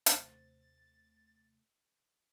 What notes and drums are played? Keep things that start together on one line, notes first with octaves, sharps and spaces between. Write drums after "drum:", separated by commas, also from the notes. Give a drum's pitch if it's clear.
D#2 C3 A3 C5 A6, drum: hi-hat